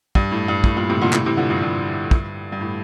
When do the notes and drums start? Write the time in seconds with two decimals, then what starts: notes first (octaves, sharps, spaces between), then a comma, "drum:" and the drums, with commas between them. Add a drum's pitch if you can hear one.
0.15 G2, drum: kick
0.31 A2
0.48 G2
0.64 A2, drum: kick
0.77 G2 A#2
0.89 A2 C3
1.01 A#2 D3
1.13 A2 C3, drum: clap
1.25 C3 E3
1.37 D3 F3
1.50 G2
1.62 G2
2.11 drum: kick
2.52 G2
2.61 A2